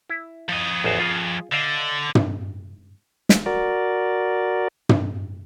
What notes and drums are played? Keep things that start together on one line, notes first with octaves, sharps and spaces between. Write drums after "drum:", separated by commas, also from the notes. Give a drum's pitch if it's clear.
E4
F3 D#5
A1 E2 C5
F4 G#4
D3 D5 D#5 F5
drum: tom
drum: snare
F#4 A#4 D5
drum: tom